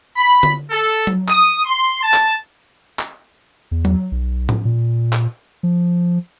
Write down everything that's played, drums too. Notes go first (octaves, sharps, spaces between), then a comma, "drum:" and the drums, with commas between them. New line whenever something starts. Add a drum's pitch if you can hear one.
B5
drum: tom D3
A4
drum: tom F#3
D#6, drum: clap
C6
A5
drum: clap
drum: clap
E2
drum: tom F#3
B1
drum: tom A2
A#2
drum: clap
F3